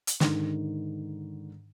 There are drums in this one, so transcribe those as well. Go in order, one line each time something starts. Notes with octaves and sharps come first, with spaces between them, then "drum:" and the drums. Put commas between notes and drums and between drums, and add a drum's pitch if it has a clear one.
drum: hi-hat
G#2 D3 D#3, drum: snare